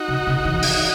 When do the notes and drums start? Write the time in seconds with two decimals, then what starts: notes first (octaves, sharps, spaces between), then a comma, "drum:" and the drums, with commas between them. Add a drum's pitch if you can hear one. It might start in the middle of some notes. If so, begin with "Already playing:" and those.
Already playing: D#4 F#4
0.08 C#3
0.27 C#3
0.45 E3
0.63 E3, drum: open hi-hat